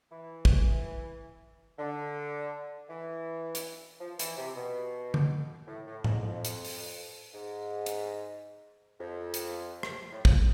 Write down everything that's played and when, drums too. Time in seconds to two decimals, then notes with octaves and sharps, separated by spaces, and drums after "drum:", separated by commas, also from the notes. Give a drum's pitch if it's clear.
0.12 E3
0.45 drum: kick
1.79 D3
2.90 E3
3.55 drum: hi-hat
4.01 F3
4.19 E3, drum: hi-hat
4.37 C3
4.57 B2
5.14 drum: tom D3
5.68 A2
5.87 A2
6.04 G#2, drum: tom A2
6.22 F2
6.45 drum: hi-hat
6.65 drum: open hi-hat
7.34 G#2
7.86 drum: hi-hat
9.00 F2
9.34 drum: hi-hat
9.83 drum: rim click
10.12 A2
10.25 F3, drum: kick